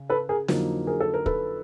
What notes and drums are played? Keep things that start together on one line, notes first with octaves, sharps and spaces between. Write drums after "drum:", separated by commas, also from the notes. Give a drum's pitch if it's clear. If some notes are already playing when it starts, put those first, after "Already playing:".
Already playing: C#3
A4 B4
G#4 A#4
F2 D3 F#3 A#3 D#4, drum: snare
G#4 A#4
A4
A#4
A4 B4, drum: kick